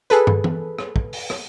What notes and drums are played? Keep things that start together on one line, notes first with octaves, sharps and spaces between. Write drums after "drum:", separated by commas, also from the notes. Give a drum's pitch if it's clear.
G#4 A4 B4, drum: hi-hat
drum: tom
drum: tom
drum: rim click
drum: kick
drum: open hi-hat
drum: rim click